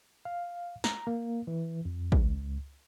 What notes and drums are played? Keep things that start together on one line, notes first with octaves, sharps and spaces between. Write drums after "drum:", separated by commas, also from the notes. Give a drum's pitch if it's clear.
F5
A#5, drum: snare
A#3
E3
F2
C#2, drum: kick A1